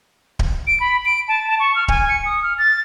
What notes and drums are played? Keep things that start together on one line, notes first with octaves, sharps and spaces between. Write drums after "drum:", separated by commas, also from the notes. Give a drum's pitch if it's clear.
drum: kick D1
D7
B5
D7
A5
A5
C#6
F6
G#5, drum: kick D1
C#7
D#6
F6
A6